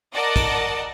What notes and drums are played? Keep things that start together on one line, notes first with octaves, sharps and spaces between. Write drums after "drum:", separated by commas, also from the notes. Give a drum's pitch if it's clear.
A#4 D5 D#5 F#5 A5
drum: kick, cymbal